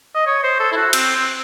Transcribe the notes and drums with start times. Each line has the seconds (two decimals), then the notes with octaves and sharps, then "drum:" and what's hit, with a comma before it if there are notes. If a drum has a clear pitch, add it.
0.15 D#5
0.27 C#5
0.43 C5
0.60 A4
0.72 E4
0.76 F#4
0.93 C4, drum: cymbal
1.15 C4